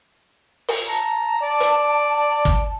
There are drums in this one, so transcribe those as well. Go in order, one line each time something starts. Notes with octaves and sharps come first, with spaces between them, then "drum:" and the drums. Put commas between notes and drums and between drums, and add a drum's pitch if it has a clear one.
drum: open hi-hat
A5 A#5
D5
drum: hi-hat
drum: kick